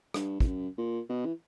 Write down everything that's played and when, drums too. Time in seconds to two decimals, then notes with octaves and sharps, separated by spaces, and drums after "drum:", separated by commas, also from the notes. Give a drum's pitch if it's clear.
0.14 G2, drum: rim click
0.40 E2, drum: kick
0.45 F#2
0.78 A#2
1.09 B2
1.25 E3